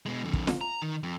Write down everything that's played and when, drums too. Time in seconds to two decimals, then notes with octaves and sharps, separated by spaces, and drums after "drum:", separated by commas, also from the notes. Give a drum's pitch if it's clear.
0.06 B2 G#3
0.24 F2 D3
0.33 drum: kick
0.47 drum: snare
0.61 A#5
0.82 D#3
1.03 F2